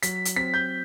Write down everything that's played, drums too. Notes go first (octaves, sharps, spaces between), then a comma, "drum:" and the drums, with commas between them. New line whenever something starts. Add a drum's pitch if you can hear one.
F#3 B6, drum: hi-hat
drum: hi-hat
C4 B6
G6